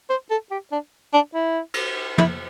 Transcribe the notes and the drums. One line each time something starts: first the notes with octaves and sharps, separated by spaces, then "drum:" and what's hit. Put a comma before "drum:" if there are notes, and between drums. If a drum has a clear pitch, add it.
C5
A4
G4
D4
D4
E4
drum: cymbal
E4, drum: tom